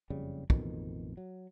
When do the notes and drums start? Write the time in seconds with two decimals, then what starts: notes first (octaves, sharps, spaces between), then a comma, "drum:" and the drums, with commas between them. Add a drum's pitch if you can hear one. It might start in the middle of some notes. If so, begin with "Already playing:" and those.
0.10 F#1 F2 C#3 G3
0.50 A1 F2 B2 D#3, drum: kick
1.17 F#3